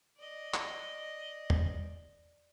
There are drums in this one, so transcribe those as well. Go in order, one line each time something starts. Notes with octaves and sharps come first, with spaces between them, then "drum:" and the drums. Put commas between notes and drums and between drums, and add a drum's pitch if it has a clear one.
D5 D#5
drum: clap
drum: tom